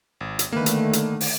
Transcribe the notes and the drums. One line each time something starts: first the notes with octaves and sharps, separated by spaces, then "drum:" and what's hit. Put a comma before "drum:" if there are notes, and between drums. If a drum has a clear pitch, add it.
G#1
drum: hi-hat
D3 D#3 A3 A#3 B4
drum: hi-hat
drum: hi-hat
drum: open hi-hat